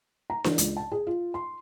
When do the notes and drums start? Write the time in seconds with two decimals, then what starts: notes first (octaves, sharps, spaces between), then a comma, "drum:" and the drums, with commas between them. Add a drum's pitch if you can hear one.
0.30 A#5
0.44 E3, drum: snare D4
0.58 C#2, drum: hi-hat
0.77 A5
0.92 G#4
1.07 F4
1.34 C6